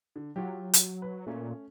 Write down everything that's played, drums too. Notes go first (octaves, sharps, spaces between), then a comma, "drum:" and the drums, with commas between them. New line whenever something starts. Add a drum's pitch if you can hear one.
D3
F#3 F4 G4
drum: hi-hat
B4
A#2 A3 C#4